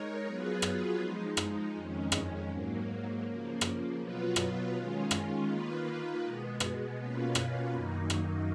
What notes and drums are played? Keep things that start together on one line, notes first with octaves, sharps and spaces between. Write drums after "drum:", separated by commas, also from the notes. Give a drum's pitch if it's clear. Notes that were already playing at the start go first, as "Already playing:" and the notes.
Already playing: G#3 D#4 A#4 C#5
F#3 B3 F4 G#4 B4
drum: rim click
F3 G#3 D#4
drum: rim click
F2 D#3 G#3 C#4
drum: rim click
G#2 F#3 A#3
C#3 F3 A#3
drum: rim click
B2 F#3 B3 F4 B4
drum: rim click
D#3 G#3 C#4 F4
drum: rim click
D#3 A#3 F4 B4
B2 G#3 B3
drum: rim click
B2 A#3 C#4 F4 B4
drum: rim click
F#2 D#3 F#3 A#3 D#4
drum: rim click